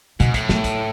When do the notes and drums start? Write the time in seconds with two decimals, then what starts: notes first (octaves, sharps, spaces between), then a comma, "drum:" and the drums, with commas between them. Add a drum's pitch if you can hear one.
0.20 G#2 B2, drum: hi-hat
0.34 A2, drum: kick, hi-hat
0.49 A3, drum: snare
0.64 drum: kick, hi-hat